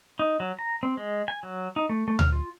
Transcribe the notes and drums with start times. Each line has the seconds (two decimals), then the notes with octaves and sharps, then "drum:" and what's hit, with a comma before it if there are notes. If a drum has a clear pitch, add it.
0.19 D#4
0.40 F#3
0.59 A#5
0.83 C4
0.97 G#3
1.28 G#5
1.43 F#3
1.76 D#4
1.89 A3
2.08 A3
2.19 F6, drum: tom D2
2.32 F4